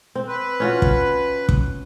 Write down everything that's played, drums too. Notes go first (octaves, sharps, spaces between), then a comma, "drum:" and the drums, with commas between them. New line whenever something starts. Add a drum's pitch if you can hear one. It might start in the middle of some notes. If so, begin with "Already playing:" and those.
C4
B4
C#4 F4 F#4
drum: kick
drum: kick